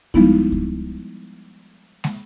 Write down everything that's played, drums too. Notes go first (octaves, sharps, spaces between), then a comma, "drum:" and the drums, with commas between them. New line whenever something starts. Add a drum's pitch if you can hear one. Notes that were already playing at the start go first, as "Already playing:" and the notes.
F3 G3 G#3 B3 D#4 E4, drum: kick C#2
drum: kick C#2
drum: snare